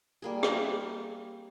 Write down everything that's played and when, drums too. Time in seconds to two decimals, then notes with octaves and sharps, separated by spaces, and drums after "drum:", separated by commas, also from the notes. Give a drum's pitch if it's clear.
0.22 G3 A#3 G#4
0.43 drum: rim click